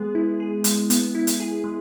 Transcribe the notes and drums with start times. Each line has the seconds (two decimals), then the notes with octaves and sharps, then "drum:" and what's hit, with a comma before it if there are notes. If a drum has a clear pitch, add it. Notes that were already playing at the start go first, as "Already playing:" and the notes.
Already playing: G#3 B3 G#4
0.15 E4
0.40 G#4
0.64 G#3, drum: hi-hat
0.90 B3, drum: hi-hat
1.15 E4
1.27 drum: hi-hat
1.40 G#4
1.64 G#3